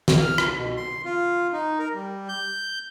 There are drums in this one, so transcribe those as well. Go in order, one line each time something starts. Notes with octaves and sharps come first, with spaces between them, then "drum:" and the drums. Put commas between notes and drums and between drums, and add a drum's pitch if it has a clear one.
drum: snare
F6
drum: rim click
B2
C6
F4
D#4
A#4
G3
G6